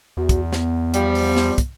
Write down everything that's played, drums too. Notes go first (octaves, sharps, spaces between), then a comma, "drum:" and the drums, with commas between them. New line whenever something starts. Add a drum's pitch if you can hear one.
E2 F#4
drum: kick, hi-hat
B3, drum: snare
F3 G3, drum: hi-hat
drum: open hi-hat
drum: snare
drum: kick, hi-hat